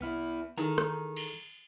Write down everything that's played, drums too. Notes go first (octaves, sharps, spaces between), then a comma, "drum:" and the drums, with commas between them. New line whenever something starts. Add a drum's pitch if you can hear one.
C2 B3 E4 F6
D#3 E3 G#4 A4 A#5
drum: rim click
drum: cymbal